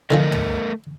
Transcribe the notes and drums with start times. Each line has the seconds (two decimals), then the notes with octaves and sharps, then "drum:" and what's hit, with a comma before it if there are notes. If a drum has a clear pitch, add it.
0.11 D3 E3 F3 A3 A#4 D#5
0.32 drum: tom